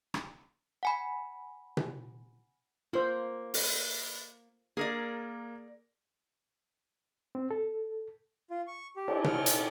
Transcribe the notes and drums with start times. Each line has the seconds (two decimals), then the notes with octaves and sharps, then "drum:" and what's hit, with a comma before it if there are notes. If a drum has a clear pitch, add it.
0.14 drum: rim click
0.83 F#5 G#5 B5
1.77 drum: tom B2
2.93 A#3 F4 C5
3.54 drum: open hi-hat
4.77 A#3 G#4 A#4 D5 A#6
7.35 C4
7.51 A4
8.50 F4
8.67 C#6
8.96 G4
9.08 drum: cymbal
9.24 F6, drum: tom B2
9.46 drum: hi-hat